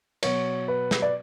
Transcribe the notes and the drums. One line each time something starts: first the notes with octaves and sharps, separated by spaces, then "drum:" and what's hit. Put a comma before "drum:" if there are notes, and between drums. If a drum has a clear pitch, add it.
B2 F#3 C#5, drum: cymbal
B4
drum: snare
D5